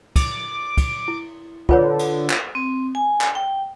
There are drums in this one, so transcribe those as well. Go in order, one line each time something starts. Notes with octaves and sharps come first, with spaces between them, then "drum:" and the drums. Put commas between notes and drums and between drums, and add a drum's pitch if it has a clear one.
D6, drum: kick, cymbal
drum: kick, cymbal
E4
D3 F4 B4 C#5, drum: kick
drum: cymbal
drum: clap
C4
G#5
drum: clap
G5